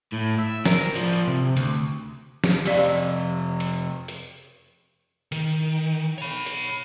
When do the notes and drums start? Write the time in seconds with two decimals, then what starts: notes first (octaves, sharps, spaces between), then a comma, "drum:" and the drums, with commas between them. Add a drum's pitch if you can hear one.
0.12 A2
0.38 E5
0.66 A#4, drum: snare
0.96 F3 D5, drum: hi-hat
1.28 C3
1.57 D2, drum: hi-hat
2.44 drum: snare
2.66 F2 C3 G4 D5 F5, drum: open hi-hat
3.60 drum: hi-hat
4.08 drum: hi-hat
5.32 D#3, drum: hi-hat
6.18 C#5 B5
6.46 drum: hi-hat